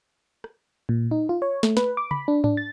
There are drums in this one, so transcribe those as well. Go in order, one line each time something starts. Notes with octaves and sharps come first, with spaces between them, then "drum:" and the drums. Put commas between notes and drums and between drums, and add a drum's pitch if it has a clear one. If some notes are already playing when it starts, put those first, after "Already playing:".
drum: rim click
A#2
D#4
F4
C#5
A3, drum: snare
B4, drum: snare
D6
B5, drum: tom
D4
D4, drum: tom G#2
A6